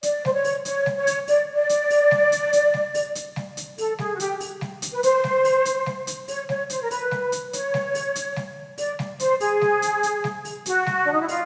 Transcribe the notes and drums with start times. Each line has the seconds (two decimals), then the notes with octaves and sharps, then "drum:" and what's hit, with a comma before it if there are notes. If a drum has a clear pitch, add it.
0.03 D5, drum: hi-hat
0.25 C5, drum: snare G3
0.34 C#5
0.44 drum: open hi-hat
0.65 C#5, drum: hi-hat
0.86 drum: snare G3
0.97 C#5
1.07 drum: hi-hat
1.28 D5, drum: open hi-hat
1.55 D5
1.69 drum: hi-hat
1.90 drum: open hi-hat
2.11 drum: snare G3
2.32 drum: hi-hat
2.53 drum: hi-hat
2.74 drum: snare G3
2.94 drum: open hi-hat
3.15 drum: hi-hat
3.36 drum: snare G3
3.57 drum: hi-hat
3.78 A4, drum: open hi-hat
3.98 G#4, drum: snare G3
4.15 F#4
4.20 G4, drum: hi-hat
4.40 drum: open hi-hat
4.61 drum: snare G3
4.82 drum: hi-hat
4.93 B4
5.03 C5, drum: hi-hat
5.24 drum: snare G3
5.45 drum: open hi-hat
5.65 drum: hi-hat
5.86 drum: snare G3
6.07 drum: hi-hat
6.28 C#5, drum: open hi-hat
6.49 C#5, drum: snare G3
6.70 C5, drum: hi-hat
6.82 A#4
6.91 B4, drum: open hi-hat
7.11 drum: snare G3
7.32 drum: hi-hat
7.53 C#5, drum: hi-hat
7.74 drum: snare G3
7.95 drum: open hi-hat
8.15 drum: hi-hat
8.36 drum: snare G3
8.78 D5, drum: open hi-hat
8.99 drum: snare G3
9.20 C5, drum: hi-hat
9.40 G#4, drum: open hi-hat
9.61 drum: snare G3
9.82 drum: hi-hat
10.03 drum: hi-hat
10.24 drum: snare G3
10.45 drum: open hi-hat
10.66 F#4, drum: hi-hat
10.86 drum: snare G3
11.03 D4
11.12 D#4
11.20 E4
11.28 F4, drum: open hi-hat